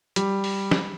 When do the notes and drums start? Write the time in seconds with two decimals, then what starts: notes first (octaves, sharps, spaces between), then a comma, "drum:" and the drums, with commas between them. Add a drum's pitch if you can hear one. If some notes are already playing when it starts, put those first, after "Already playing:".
0.16 G3, drum: hi-hat
0.44 drum: open hi-hat
0.71 drum: snare